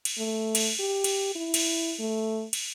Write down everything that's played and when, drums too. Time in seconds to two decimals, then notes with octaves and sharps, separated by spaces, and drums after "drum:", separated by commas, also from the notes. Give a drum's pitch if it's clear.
0.05 drum: cymbal
0.18 A3
0.55 drum: cymbal
0.80 G4
1.04 drum: cymbal
1.35 E4
1.54 drum: cymbal
1.99 A3
2.53 drum: cymbal